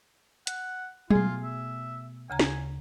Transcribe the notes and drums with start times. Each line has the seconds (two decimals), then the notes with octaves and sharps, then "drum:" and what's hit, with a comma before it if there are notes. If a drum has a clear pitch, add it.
0.47 F#5, drum: hi-hat
1.10 B2 A3 F4 G#4, drum: tom F#3
1.44 E5
2.30 D2 C#3 G#5 A#5
2.39 drum: snare